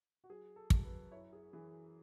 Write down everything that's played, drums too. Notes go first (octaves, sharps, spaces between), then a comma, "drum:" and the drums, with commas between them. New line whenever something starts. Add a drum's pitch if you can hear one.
F#4
F#3 G#4
A4
F#2, drum: kick
B4
E4 C#5
G#4
E3 G#4